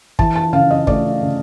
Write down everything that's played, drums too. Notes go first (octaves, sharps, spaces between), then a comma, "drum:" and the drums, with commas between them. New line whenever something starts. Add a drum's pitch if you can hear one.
E3 A5, drum: kick
A5
C#3 F5
D#5
A3 D5, drum: kick
C#3